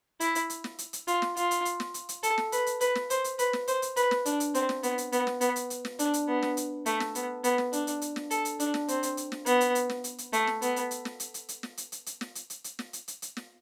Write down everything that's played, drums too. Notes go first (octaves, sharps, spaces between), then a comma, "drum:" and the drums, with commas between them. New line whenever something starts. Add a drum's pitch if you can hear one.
E4, drum: hi-hat
drum: hi-hat
drum: hi-hat
drum: snare
drum: hi-hat
drum: hi-hat
F4, drum: hi-hat
drum: snare
F4, drum: hi-hat
drum: hi-hat
drum: hi-hat
drum: snare
drum: hi-hat
drum: hi-hat
A4, drum: hi-hat
drum: snare
B4, drum: hi-hat
drum: hi-hat
B4, drum: hi-hat
drum: snare
C5, drum: hi-hat
drum: hi-hat
B4, drum: hi-hat
drum: snare
C5, drum: hi-hat
drum: hi-hat
B4, drum: hi-hat
drum: snare
D4, drum: hi-hat
drum: hi-hat
C4, drum: hi-hat
drum: snare
B3, drum: hi-hat
drum: hi-hat
B3, drum: hi-hat
drum: snare
B3, drum: hi-hat
drum: hi-hat
drum: hi-hat
drum: snare
D4, drum: hi-hat
drum: hi-hat
B3
drum: snare
drum: hi-hat
A3, drum: hi-hat
drum: snare
B3, drum: hi-hat
B3, drum: hi-hat
drum: snare
D4, drum: hi-hat
drum: hi-hat
drum: hi-hat
drum: snare
A4, drum: hi-hat
drum: hi-hat
D4, drum: hi-hat
drum: snare
C4, drum: hi-hat
drum: hi-hat
drum: hi-hat
drum: snare
B3, drum: hi-hat
drum: hi-hat
drum: hi-hat
drum: snare
drum: hi-hat
drum: hi-hat
A3, drum: hi-hat
drum: snare
B3, drum: hi-hat
drum: hi-hat
drum: hi-hat
drum: snare
drum: hi-hat
drum: hi-hat
drum: hi-hat
drum: snare
drum: hi-hat
drum: hi-hat
drum: hi-hat
drum: snare
drum: hi-hat
drum: hi-hat
drum: hi-hat
drum: snare
drum: hi-hat
drum: hi-hat
drum: hi-hat
drum: snare